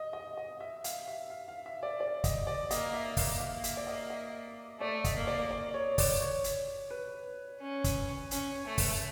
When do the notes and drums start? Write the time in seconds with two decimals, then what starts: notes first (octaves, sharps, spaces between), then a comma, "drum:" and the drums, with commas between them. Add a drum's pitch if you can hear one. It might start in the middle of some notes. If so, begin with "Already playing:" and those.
Already playing: D#5
0.13 D#5
0.37 D#5
0.60 E5
0.84 F5, drum: hi-hat
1.08 E5
1.30 F5
1.48 F5
1.66 E5
1.83 D5
2.00 D5
2.24 D#5, drum: kick, hi-hat
2.47 D5
2.71 A#3 D#5, drum: hi-hat
2.93 E5
3.17 F5, drum: kick, open hi-hat
3.40 A#3 F5
3.64 E5, drum: hi-hat
3.77 D5
3.87 D#5
4.10 D#5
4.80 A3 D5
5.04 D#5, drum: kick, hi-hat
5.16 A#3
5.27 D5
5.51 D5
5.74 C#5
5.98 D5, drum: kick, open hi-hat
6.20 C#5
6.44 drum: hi-hat
6.90 B4
7.61 C#4
7.84 drum: kick, hi-hat
8.31 C#4, drum: hi-hat
8.66 A3
8.78 drum: kick, open hi-hat